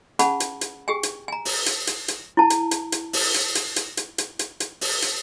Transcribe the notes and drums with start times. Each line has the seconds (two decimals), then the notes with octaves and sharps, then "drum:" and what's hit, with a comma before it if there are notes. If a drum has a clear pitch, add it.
0.19 C#4 G#4 F#5 A5 B5, drum: hi-hat
0.40 drum: hi-hat
0.61 drum: hi-hat
0.88 G4 G#4 G5 G#5
1.03 drum: hi-hat
1.28 G#5 A#5
1.45 drum: open hi-hat
1.66 drum: hi-hat
1.87 drum: hi-hat
2.08 drum: hi-hat
2.37 E4 A5
2.50 drum: hi-hat
2.71 drum: hi-hat
2.92 drum: hi-hat
3.13 drum: open hi-hat
3.34 drum: hi-hat
3.55 drum: hi-hat
3.76 drum: hi-hat
3.97 drum: hi-hat
4.18 drum: hi-hat
4.39 drum: hi-hat
4.60 drum: hi-hat
4.81 drum: open hi-hat
5.02 drum: hi-hat